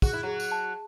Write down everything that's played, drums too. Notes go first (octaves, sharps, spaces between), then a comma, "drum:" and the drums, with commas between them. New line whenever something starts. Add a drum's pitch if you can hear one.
F#4 G#4, drum: kick, tambourine
E4
F#3 F#4 G#4
drum: tambourine
A5